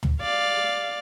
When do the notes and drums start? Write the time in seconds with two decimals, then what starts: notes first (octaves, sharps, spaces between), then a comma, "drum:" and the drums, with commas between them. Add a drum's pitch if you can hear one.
0.03 drum: tom
0.22 D5 F5